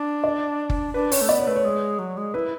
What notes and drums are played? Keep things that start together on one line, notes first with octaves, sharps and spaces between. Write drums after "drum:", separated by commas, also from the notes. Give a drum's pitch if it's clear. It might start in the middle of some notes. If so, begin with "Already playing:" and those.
Already playing: D4
D5
drum: kick F#1
D4 B4
C#4 C#5, drum: open hi-hat
A3
B3 D5
C#5
A3 B4
C#5
G#3
F#3
G#3
E4 B4